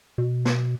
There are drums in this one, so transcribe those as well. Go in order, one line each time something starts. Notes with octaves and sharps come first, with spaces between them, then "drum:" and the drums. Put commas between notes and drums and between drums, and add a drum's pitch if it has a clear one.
B2
drum: snare